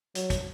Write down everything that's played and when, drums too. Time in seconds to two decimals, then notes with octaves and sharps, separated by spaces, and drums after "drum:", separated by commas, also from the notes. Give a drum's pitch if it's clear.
0.15 F#3, drum: hi-hat
0.30 drum: kick, hi-hat